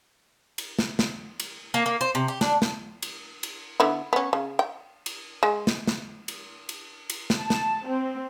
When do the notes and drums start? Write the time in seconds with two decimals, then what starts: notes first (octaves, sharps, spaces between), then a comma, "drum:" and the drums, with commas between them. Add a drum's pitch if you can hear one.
0.58 drum: cymbal
0.79 drum: snare
0.99 drum: snare
1.40 drum: cymbal
1.74 A#3
1.86 A#3
2.01 C5
2.15 C3
2.28 G4
2.41 D4, drum: snare
2.62 drum: snare
3.02 drum: cymbal
3.43 drum: cymbal
3.80 D3 B3 E4
4.13 B3 C#4
4.33 C#3
4.59 G5
5.06 drum: cymbal
5.43 G#3
5.67 drum: snare
5.87 drum: snare
6.28 drum: cymbal
6.69 drum: cymbal
7.10 drum: cymbal
7.30 drum: snare
7.39 A5
7.50 drum: snare
7.87 C4